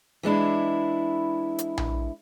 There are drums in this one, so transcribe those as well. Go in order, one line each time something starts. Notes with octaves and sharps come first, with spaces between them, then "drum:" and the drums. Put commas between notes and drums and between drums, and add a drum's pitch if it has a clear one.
E3 G#3 D4 E4
drum: hi-hat
drum: tom A#1